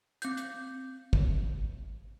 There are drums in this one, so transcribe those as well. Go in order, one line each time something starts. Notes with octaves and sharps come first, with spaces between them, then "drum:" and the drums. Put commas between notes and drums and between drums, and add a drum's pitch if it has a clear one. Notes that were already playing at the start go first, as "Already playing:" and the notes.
C4 G6, drum: hi-hat
drum: hi-hat
drum: kick